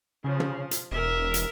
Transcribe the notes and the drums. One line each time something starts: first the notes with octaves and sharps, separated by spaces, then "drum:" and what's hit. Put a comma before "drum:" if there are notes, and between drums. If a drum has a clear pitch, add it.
C#3 F3
drum: tom
drum: hi-hat
E1 A#4 E5
drum: hi-hat